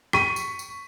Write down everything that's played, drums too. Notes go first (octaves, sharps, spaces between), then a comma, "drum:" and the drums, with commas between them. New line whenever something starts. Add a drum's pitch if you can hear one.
C#6 B6 D#7, drum: rim click
drum: tambourine
drum: tambourine